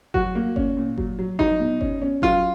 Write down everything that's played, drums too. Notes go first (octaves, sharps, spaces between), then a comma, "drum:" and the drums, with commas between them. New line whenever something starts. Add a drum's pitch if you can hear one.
F#3 F#4, drum: kick G1
A#3
C#4, drum: kick G1
A#2
F#3, drum: kick G1
F#3
F#3 D#4, drum: kick G1
B2
C#4, drum: kick G1
C#4
F#3 F4, drum: kick G1